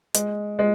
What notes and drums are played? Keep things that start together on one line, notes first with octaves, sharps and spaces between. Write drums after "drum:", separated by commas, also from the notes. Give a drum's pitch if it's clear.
G#3, drum: hi-hat
G#3